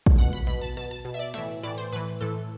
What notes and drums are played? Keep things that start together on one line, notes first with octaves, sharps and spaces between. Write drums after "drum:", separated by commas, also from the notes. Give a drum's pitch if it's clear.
drum: kick A#1
B2 F#5
B5
B2 B5
A5
B2 A5
A5
B2
E5
D5
A2 E3 E5, drum: hi-hat
A2 E3 D5
C5
A2 E3 B4
A2 E3 A4